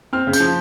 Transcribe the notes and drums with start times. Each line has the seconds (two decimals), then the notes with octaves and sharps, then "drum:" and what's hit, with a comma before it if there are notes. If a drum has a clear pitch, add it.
0.13 C4 F6
0.27 C#3
0.33 G6, drum: tambourine
0.40 F3